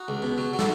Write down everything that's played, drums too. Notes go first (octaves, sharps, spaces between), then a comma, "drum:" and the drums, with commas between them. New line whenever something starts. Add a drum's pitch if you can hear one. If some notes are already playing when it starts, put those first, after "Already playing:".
Already playing: D#4 F#4
C#2
B2
F#3
F#3
A4, drum: snare